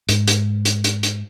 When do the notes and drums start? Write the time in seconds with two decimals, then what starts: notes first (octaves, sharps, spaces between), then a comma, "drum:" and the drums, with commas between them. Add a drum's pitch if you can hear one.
0.09 G#2, drum: hi-hat
0.27 drum: hi-hat
0.65 drum: hi-hat
0.84 drum: hi-hat
1.03 drum: hi-hat